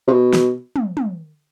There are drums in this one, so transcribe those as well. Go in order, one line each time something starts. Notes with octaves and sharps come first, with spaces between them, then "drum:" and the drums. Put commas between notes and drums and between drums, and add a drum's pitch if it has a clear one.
C3
B2
drum: snare
drum: tom
drum: tom